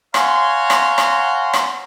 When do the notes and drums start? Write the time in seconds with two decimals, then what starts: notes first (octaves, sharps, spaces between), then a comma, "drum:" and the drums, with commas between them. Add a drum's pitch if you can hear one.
0.14 C#5 F5 F#5 G#5 A#5 C6, drum: rim click
0.70 drum: rim click
0.98 drum: rim click
1.53 drum: rim click